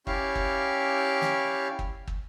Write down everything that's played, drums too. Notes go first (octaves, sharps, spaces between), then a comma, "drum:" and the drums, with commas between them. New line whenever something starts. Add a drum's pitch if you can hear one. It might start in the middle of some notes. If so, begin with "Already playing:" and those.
C#4 E4 G4 D5 F5 C#6, drum: kick
drum: kick
drum: snare
drum: kick
drum: kick